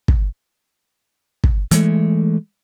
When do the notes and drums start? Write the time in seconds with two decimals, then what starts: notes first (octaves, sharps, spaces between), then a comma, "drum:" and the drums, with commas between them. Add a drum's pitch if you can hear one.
0.08 drum: kick
1.44 drum: kick
1.71 E3 G#3 A3, drum: hi-hat